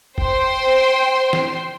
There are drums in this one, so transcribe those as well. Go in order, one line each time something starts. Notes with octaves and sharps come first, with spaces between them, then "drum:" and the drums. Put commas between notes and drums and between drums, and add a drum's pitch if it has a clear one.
C5 G5 C6, drum: kick
drum: snare